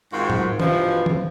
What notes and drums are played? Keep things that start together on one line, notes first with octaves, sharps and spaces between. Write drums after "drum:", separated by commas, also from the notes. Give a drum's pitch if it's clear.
G#2 D#3 C4 F4 F#4
drum: tom A2
G2 B2 E3 F3, drum: tom
drum: tom